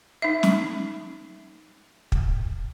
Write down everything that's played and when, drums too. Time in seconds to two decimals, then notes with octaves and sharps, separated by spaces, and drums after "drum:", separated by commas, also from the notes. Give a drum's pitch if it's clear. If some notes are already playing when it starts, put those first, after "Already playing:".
0.22 D#4 E5
0.43 drum: snare
2.12 drum: kick